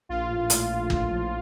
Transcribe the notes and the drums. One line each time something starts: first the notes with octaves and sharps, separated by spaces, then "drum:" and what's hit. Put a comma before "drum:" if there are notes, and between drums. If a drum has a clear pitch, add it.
A#1 F4
A2
A2, drum: hi-hat
A#1
A#1, drum: kick
F3